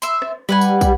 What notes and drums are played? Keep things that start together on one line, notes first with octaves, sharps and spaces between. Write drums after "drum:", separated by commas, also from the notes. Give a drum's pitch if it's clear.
E5 C6, drum: tambourine
drum: rim click
G3 B4 F#5 G#5
drum: tambourine
drum: kick, tambourine